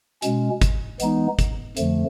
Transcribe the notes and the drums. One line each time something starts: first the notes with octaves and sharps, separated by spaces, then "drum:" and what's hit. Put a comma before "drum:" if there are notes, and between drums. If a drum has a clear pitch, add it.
B2 G#3 C#4, drum: hi-hat
drum: kick G1, hi-hat
E3 G#3 B3 D#4, drum: hi-hat
drum: kick G1, hi-hat
F2 D3 F3 A3, drum: hi-hat